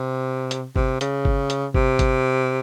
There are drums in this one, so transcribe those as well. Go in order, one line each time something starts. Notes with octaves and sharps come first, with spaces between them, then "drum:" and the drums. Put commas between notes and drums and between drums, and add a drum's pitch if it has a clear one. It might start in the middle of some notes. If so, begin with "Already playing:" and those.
Already playing: C3
drum: hi-hat
C3, drum: kick G1
C#3, drum: hi-hat
drum: kick G1
drum: hi-hat
C3, drum: kick G1
drum: kick G1, hi-hat